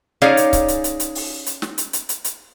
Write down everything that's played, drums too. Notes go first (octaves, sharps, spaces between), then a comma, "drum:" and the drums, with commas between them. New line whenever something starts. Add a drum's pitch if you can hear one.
C#4 D#4 G#4 C#5 D5 F5, drum: snare
drum: hi-hat
drum: kick C#1, hi-hat
drum: hi-hat
drum: hi-hat
drum: hi-hat
drum: open hi-hat
drum: hi-hat
drum: snare
drum: hi-hat
drum: hi-hat
drum: hi-hat
drum: hi-hat